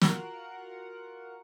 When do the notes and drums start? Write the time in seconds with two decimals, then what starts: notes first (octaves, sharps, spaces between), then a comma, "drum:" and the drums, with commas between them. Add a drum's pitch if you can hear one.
0.02 F4 F#4 A#4 F#5, drum: snare